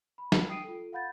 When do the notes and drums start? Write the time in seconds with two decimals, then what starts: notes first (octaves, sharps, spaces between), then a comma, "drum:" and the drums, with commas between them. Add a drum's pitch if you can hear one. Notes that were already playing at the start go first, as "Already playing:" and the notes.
0.18 B5
0.32 drum: snare
0.49 G5 D#6 C7 D7 D#7
0.64 F4 A4
0.93 F5 F#5 B5 G6 A6